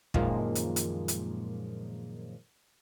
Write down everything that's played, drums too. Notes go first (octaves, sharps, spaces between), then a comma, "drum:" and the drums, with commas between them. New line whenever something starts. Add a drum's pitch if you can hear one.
F#2 A#2 D#3 F3 G#3 A#3, drum: kick
drum: hi-hat
drum: hi-hat
drum: hi-hat